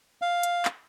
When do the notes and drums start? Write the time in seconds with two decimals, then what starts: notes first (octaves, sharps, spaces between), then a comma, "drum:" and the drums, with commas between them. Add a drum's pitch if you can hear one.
0.22 F5
0.43 drum: hi-hat
0.65 drum: clap